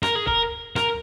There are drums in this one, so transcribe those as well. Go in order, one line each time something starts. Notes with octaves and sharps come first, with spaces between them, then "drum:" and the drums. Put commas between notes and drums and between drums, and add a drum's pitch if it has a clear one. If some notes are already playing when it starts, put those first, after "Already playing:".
A#4, drum: rim click
G#4
A#4, drum: kick D1
A#4, drum: rim click